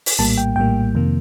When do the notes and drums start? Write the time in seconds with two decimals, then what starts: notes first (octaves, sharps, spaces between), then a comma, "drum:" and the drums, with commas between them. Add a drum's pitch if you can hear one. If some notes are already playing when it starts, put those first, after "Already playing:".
0.06 drum: open hi-hat
0.19 A#1 A2 G3 A#3 A5
0.38 G5
0.56 A#1 A2 G3 A#3 G5
0.95 F2 C3 D#3 A#3